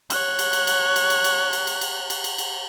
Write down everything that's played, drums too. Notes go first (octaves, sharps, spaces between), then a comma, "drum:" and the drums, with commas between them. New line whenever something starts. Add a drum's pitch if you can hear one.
C#5 F#6, drum: cymbal
drum: cymbal
drum: cymbal
drum: cymbal
drum: cymbal
drum: cymbal
drum: cymbal
drum: cymbal
drum: cymbal
drum: cymbal
drum: cymbal
drum: cymbal
drum: cymbal